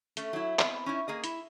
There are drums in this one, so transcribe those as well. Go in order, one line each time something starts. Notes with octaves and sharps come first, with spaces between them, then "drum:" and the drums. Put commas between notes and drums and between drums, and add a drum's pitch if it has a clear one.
A3 C#4, drum: hi-hat
F#3 E4
B3 C4, drum: clap
C#4 D#4 E4
A#3 G#4 D#5
E4, drum: hi-hat